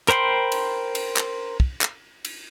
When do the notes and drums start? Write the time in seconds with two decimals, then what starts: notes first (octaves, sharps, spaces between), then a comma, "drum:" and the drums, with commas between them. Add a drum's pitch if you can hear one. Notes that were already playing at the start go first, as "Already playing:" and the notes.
0.08 A#4 C5 G5 B5 C6, drum: clap
0.52 drum: cymbal
0.95 drum: cymbal
1.17 drum: clap
1.60 drum: kick
1.81 drum: clap
2.25 drum: cymbal